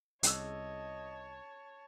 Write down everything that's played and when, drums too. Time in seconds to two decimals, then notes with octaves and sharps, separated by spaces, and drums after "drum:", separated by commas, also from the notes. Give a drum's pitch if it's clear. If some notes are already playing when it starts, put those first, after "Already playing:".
0.23 C2 C#4 G#4 C#5 D#5 A5 E6, drum: hi-hat